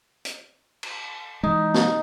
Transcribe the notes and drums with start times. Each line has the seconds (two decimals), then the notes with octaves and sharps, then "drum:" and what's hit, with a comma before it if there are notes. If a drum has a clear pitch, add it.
0.25 drum: hi-hat
0.83 drum: cymbal
1.43 E3 G#3 D#4
1.74 drum: snare